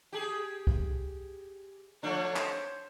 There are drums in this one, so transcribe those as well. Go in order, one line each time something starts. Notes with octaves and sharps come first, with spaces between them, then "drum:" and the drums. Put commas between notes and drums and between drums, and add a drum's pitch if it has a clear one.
G4 G#4
drum: kick
F3 A3 D4 C#5
C5, drum: clap